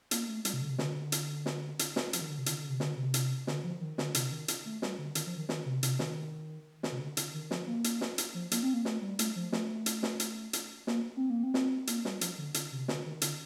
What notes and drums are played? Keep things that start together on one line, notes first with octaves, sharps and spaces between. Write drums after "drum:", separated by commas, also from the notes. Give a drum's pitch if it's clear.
A#3, drum: hi-hat
A3
G3, drum: hi-hat
C3
D3
C3
D3, drum: snare
drum: hi-hat
drum: snare
drum: hi-hat
drum: snare
F3, drum: hi-hat
D#3
D3
C3
D3, drum: hi-hat
D3
C3
D3, drum: snare
C3
drum: hi-hat
D3, drum: snare
F3
D#3
D3, drum: snare
C3, drum: hi-hat
D#3
drum: hi-hat
A3
G3, drum: snare
D3
D#3, drum: hi-hat
F3
D#3
D#3, drum: snare
C3
C3, drum: hi-hat
D#3, drum: snare
D#3, drum: snare
C3
D3
D3, drum: hi-hat
D#3
F3, drum: snare
A#3
drum: hi-hat
drum: snare
drum: hi-hat
F3
A#3, drum: hi-hat
C4
A#3
A3, drum: snare
G3
A3, drum: hi-hat
F3
A3, drum: snare
drum: hi-hat
drum: snare
drum: hi-hat
drum: hi-hat
A#3, drum: snare
C4
A#3
C4
drum: snare
A#3, drum: hi-hat
G3, drum: snare
F3, drum: hi-hat
D3
D3, drum: hi-hat
C3
D3, drum: snare
D#3
D3, drum: hi-hat